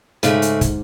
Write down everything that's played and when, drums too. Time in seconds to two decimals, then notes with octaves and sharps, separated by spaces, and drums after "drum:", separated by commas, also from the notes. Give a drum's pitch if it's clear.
0.23 G#2 C#3 G#3 A3, drum: hi-hat
0.42 drum: hi-hat
0.61 drum: kick, hi-hat